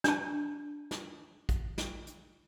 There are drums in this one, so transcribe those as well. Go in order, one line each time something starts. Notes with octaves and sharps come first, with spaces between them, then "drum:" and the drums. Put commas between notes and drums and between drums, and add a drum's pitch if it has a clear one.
D4 A5, drum: snare
drum: snare
drum: kick, hi-hat
drum: snare
drum: hi-hat